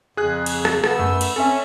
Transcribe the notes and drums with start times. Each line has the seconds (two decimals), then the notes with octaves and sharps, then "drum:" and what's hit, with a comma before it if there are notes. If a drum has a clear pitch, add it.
0.17 F2 C#3 G#4 F#6
0.46 drum: cymbal
0.65 drum: rim click
0.84 B3 E6, drum: rim click
0.99 F#2 A3
1.21 drum: cymbal
1.36 C4 C#4 A4 E5